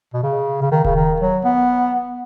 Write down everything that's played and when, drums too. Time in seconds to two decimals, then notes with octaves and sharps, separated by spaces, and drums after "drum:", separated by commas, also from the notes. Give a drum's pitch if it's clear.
0.14 B2
0.23 C#3
0.62 C#3
0.72 D#3
0.85 C#3, drum: kick D#1
0.96 D#3
1.21 F#3
1.45 B3